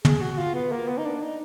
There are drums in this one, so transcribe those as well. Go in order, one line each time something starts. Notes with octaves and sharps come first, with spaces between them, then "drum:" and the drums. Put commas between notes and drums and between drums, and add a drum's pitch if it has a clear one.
G#4, drum: tom
F#4
F4
B3
A#3
B3
D#4
D4
D#4